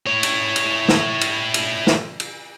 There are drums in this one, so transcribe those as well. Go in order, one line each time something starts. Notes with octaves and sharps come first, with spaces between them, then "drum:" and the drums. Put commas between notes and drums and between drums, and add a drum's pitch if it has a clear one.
E4 C#5
drum: cymbal
drum: cymbal
drum: snare
drum: cymbal
drum: cymbal
drum: snare
drum: cymbal